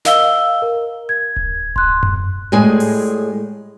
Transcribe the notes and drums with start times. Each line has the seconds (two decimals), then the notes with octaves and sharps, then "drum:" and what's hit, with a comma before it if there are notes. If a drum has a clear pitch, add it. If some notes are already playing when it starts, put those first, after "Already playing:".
0.05 A#4 D#5 F5 E6 G7, drum: snare
0.62 A#4
1.09 G#6
1.36 drum: kick D1
1.76 C6 F#6, drum: kick D1
2.03 drum: tom F#2
2.52 A2 G3 G#3 G#4 G#5
2.80 drum: open hi-hat